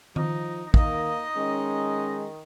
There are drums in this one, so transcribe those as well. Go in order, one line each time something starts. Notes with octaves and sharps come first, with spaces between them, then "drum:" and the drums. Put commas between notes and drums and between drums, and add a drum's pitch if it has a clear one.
F3 D#4, drum: tom D#3
D#3 A#3 D#4 D#5, drum: kick
D#3 G#3 C#4